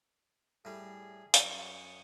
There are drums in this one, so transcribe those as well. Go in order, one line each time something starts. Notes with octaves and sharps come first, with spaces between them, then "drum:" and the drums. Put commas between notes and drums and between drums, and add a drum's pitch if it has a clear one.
A2 G3 G#4
F#2 C#5 C#6 D#6, drum: hi-hat